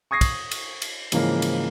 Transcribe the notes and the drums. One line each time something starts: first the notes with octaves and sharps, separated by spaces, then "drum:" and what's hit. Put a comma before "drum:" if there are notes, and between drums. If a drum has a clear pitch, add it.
C#6 D#6 G#6 A#6 C7
drum: kick, cymbal
drum: cymbal
drum: cymbal
G#2 C#3 E3 F3 A#3 C#4, drum: cymbal
drum: cymbal